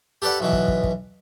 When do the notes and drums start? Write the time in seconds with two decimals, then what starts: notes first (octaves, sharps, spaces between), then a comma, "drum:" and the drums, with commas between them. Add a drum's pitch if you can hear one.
0.22 G4 A4 B4 D5 F#5
0.40 B1 B2 E3
0.53 drum: kick
0.68 drum: kick
0.84 drum: kick